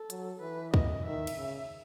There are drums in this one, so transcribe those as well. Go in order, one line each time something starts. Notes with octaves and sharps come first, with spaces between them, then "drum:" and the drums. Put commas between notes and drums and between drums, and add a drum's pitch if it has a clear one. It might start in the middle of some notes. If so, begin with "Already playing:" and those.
Already playing: A4
F#3, drum: hi-hat
E3 B4
D#5, drum: kick
D#3 E5
drum: cymbal
C#3